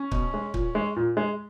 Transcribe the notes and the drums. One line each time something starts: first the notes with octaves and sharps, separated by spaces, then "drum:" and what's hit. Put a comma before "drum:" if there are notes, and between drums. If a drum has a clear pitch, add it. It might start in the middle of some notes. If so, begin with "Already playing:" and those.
Already playing: C#4
B2, drum: kick
G#3
A#2, drum: kick
G#3
A#2
G#3